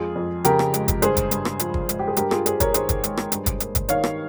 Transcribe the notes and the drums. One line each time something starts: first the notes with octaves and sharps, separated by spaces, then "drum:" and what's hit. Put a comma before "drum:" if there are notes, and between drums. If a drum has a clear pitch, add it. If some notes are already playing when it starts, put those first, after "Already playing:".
Already playing: F2 G#3 F4 G#4
F2
C#3 G4 A#4, drum: hi-hat
drum: rim click
G#3, drum: hi-hat
drum: kick, hi-hat
G2 G#4 C5, drum: hi-hat
drum: kick, hi-hat
G2, drum: hi-hat
drum: rim click
F3, drum: hi-hat
drum: kick
G#3, drum: hi-hat
G4
G#4
G2 G4 A#4, drum: hi-hat
F4 G#4, drum: rim click
G2 G#4 C5, drum: hi-hat
A#4 C#5, drum: kick, hi-hat
D#3 G#4 C5, drum: hi-hat
drum: kick, hi-hat
G#3, drum: hi-hat
drum: rim click
G2, drum: hi-hat
drum: kick, hi-hat
A#3, drum: hi-hat
drum: kick, hi-hat
D#3 C#5 F5, drum: hi-hat
drum: rim click